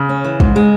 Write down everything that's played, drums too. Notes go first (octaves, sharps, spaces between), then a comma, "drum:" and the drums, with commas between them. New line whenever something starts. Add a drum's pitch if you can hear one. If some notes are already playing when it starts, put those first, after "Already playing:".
Already playing: C#3
C#4
E3
G#2, drum: kick
G#3